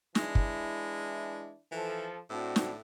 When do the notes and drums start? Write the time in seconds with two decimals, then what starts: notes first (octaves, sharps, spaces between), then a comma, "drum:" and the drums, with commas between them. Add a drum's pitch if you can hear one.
0.15 E3 G#3 D4 E4, drum: snare
0.35 drum: kick
1.72 E3 F3 A4
2.30 A2 C4 D4 F#4
2.56 drum: snare